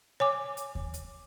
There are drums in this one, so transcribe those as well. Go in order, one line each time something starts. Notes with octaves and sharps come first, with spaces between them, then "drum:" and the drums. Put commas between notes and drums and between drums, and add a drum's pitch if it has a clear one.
C#5 G#5 D6
drum: hi-hat
drum: kick D#2
drum: hi-hat